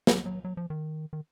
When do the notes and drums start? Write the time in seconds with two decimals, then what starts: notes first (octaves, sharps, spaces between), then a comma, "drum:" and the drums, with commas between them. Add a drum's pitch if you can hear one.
0.07 F#3, drum: snare
0.26 F#3
0.45 F#3
0.57 F3
0.70 D#3
1.13 D#3